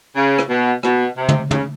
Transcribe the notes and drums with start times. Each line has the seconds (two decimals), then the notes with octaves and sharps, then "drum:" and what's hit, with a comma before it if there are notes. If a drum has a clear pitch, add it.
0.16 C#3
0.38 drum: rim click
0.49 B2
0.83 B2, drum: rim click
1.17 C3
1.29 drum: tom
1.51 C#3, drum: tom